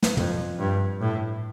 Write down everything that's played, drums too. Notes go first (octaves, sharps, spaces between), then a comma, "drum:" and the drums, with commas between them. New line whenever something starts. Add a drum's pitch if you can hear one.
drum: snare
F2, drum: tom
G2
A2